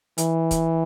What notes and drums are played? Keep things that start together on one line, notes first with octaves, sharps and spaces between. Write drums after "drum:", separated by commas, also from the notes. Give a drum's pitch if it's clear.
E3, drum: hi-hat
drum: kick, hi-hat